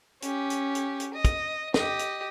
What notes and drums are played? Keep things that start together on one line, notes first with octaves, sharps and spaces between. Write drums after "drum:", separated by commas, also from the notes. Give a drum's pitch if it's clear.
C#4 G4, drum: hi-hat
drum: hi-hat
drum: hi-hat
drum: hi-hat
D#5
drum: kick, hi-hat
G4 D#5, drum: snare
drum: hi-hat